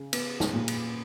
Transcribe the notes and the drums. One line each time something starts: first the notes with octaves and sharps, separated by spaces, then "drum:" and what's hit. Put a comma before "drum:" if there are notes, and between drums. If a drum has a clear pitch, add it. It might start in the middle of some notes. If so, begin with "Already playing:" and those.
Already playing: C#3
B3, drum: cymbal
drum: snare
A#2
drum: cymbal